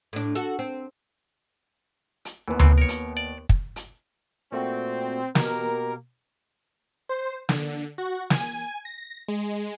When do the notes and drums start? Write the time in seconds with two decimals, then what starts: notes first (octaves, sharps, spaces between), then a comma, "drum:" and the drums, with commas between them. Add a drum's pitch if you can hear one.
0.13 A2 D4
0.35 F#4 A4
0.59 C4
2.25 drum: hi-hat
2.48 D#2 G#2 E3 B3
2.59 G#2 E3 C4, drum: tom D2
2.78 A#4 C#5
2.89 drum: hi-hat
3.17 D5
3.49 drum: kick
3.76 drum: hi-hat
4.52 A#2 A3 C4 F#4
5.35 B2 A#3 G4 A#4, drum: snare
7.09 C5
7.49 D3, drum: snare
7.98 F#4
8.30 G#5, drum: snare
8.85 A#6
9.28 G#3